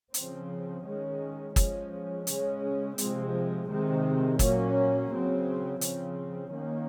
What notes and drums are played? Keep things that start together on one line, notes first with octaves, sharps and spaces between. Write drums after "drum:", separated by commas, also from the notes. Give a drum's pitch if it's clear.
C#3 F3 C4, drum: hi-hat
D#3 G#3 C#4
F3 G#3 C#4, drum: kick, hi-hat
C#3 G#3 C#4, drum: hi-hat
C3 F3 G#3 C4, drum: hi-hat
C3 D#3 G#3 C4
A#2 F#3 A#3 C#4, drum: kick, hi-hat
C#3 F#3 C4
C#3 F3 C4, drum: hi-hat
D#3 A#3 C#4